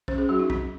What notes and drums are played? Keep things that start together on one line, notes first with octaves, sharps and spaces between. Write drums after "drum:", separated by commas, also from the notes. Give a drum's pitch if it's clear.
C#4 C5, drum: kick
G#4
F#3 F#4
D#4
C4, drum: kick